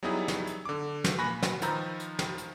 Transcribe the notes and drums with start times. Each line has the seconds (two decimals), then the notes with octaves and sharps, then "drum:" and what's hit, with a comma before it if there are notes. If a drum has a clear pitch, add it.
0.03 F#3 G3 B3 D#4 E4 G#4
0.28 drum: snare
0.47 drum: hi-hat
0.65 D3 D6
1.04 drum: snare
1.18 A#2 G#5 B5 C#6 F#6 A#6
1.43 drum: snare
1.62 D#3 F3 B4 A#5 E6 G6, drum: hi-hat
2.00 drum: hi-hat
2.19 drum: snare
2.38 drum: hi-hat